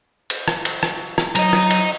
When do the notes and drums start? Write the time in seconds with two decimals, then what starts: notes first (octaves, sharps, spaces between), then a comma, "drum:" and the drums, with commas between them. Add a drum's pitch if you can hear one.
0.30 drum: cymbal
0.48 drum: rim click
0.65 drum: cymbal
0.83 drum: rim click
1.18 drum: rim click
1.35 F#3 D#5 A#5, drum: cymbal
1.53 drum: rim click
1.71 drum: cymbal